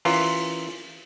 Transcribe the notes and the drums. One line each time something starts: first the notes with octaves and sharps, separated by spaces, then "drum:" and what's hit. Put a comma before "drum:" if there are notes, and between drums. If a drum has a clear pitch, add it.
E3 C#4 F4 A#4, drum: open hi-hat